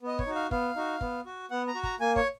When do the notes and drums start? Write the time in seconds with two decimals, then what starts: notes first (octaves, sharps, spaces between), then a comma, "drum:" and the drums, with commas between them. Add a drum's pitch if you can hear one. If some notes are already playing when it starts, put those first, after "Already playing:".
0.02 B3 D#5
0.19 C#5, drum: kick
0.26 D#4 F#4
0.35 F5
0.51 B3 F5, drum: kick
0.76 D#4 F#4
1.01 B3, drum: kick
1.26 F#4
1.51 B3 F#5
1.68 A#5
1.75 F#4
1.83 A#5, drum: kick
2.00 A#3 G#5
2.16 C#5, drum: kick